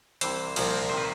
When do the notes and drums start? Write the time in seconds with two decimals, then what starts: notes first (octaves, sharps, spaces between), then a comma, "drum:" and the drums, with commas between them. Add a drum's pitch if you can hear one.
0.21 C2 C3 E3 C5, drum: hi-hat
0.56 C2 A#2 F3, drum: cymbal
0.89 C3 D#3 C5
0.97 B4